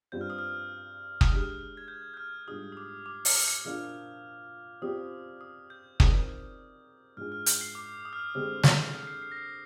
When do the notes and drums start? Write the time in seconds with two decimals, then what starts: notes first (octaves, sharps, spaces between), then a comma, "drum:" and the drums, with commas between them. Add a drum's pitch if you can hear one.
0.12 G2 F3 C4 G4 G6
0.21 F6
0.30 D#6
0.39 F6
1.21 D#6, drum: kick
1.29 G#3 D4 G4 F6
1.77 G#6
1.88 G6
2.14 G6
2.17 F6
2.47 G#2 G3 D4 F4 G#4 D#6
2.72 D#6
2.77 D6
3.06 D6
3.25 F6, drum: open hi-hat
3.44 G6
3.64 A#2 F3 A#3 D4 F4 F6
4.82 F3 C4 G4 D5 D#6
5.41 D#6
5.70 G6
6.00 F3 C4 D#4 A#4 D5, drum: kick
7.17 G#2 F3 G#3 D4 G#4 F6
7.32 F6
7.46 G6, drum: hi-hat
7.61 C7
7.75 D6
8.05 D#6
8.13 F6
8.19 D#6
8.34 D3 G#3 C4 G4 F6
8.63 G6, drum: snare
9.07 C7
9.22 C7
9.32 A#6
9.37 C7